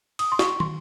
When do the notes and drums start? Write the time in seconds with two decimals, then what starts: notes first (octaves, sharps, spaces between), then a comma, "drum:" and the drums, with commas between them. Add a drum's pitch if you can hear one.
0.19 D#6, drum: cymbal
0.32 C6
0.39 C#6, drum: snare
0.60 C6, drum: tom